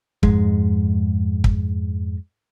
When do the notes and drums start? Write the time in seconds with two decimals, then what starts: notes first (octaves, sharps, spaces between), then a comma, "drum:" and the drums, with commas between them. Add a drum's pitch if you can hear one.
0.23 F2 G#2 G#3, drum: kick
1.44 drum: kick